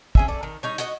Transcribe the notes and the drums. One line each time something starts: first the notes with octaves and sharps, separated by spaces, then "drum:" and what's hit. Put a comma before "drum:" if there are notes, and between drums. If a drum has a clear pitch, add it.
C#4 G#4 E5, drum: kick
A3 D5
D#3
G3 D#4 C#5
F#4 D#5, drum: hi-hat